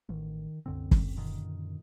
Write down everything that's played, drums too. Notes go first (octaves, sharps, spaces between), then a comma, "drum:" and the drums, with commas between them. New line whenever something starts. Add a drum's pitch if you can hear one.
A1 D#3
C2 F#2 D3 C4
drum: kick F#1
A#2 D3 D#3